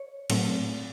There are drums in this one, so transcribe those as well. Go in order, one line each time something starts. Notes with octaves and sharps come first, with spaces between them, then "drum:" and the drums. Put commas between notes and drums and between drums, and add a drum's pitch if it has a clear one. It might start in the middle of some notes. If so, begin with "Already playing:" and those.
Already playing: C#5
A2 F#3 A3 C4, drum: cymbal